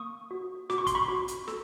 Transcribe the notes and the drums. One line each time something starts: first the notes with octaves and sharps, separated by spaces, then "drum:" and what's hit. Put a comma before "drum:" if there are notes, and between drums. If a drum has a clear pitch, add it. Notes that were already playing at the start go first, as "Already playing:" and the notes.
Already playing: A#3 C#6 D#6
F#4
F#4 D6, drum: snare
C#6
C6, drum: kick, hi-hat
B5 C#6
F#4
drum: hi-hat
A4, drum: snare